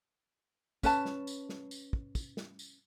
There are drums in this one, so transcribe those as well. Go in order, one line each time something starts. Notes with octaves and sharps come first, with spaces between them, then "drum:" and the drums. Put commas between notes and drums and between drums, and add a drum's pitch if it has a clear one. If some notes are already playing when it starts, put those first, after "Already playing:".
C#4 B4 A5, drum: kick, tambourine
drum: snare
drum: tambourine
drum: snare
drum: tambourine
drum: kick
drum: kick, tambourine
drum: snare
drum: tambourine